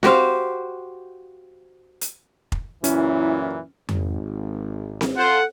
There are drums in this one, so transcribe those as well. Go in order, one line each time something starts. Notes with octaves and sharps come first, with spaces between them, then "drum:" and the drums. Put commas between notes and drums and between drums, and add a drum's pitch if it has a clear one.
F#4 G4 C5 F5, drum: snare C4
drum: hi-hat
drum: kick F1
F#2 A#2 E3 C#4 E4, drum: hi-hat
G#1, drum: tom F2
drum: snare C4
F4 A4 C5 F#5